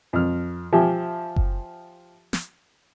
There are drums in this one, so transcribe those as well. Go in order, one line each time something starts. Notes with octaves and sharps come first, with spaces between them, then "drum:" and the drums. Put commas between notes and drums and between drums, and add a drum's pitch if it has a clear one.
F2 F6
F3 G4 E5 G#5
drum: kick F#1
drum: snare